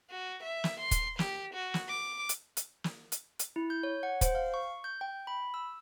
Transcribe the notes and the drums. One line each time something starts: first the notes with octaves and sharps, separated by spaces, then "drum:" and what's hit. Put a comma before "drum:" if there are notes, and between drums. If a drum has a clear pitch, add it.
F#4
E5
drum: snare
C6
drum: kick, hi-hat
G4, drum: snare
F#4
drum: snare
D6
drum: hi-hat
drum: hi-hat
drum: snare
drum: hi-hat
drum: hi-hat
E4
G6
C#5
F#5
C5, drum: kick, hi-hat
F5
C#6
G6
G5
B5
E6